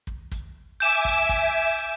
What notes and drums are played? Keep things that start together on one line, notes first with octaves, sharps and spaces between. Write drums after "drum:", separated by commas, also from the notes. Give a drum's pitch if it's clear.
drum: kick
drum: kick, hi-hat
E5 G#5 D6 G6 E7, drum: hi-hat
drum: kick
drum: kick, hi-hat
drum: hi-hat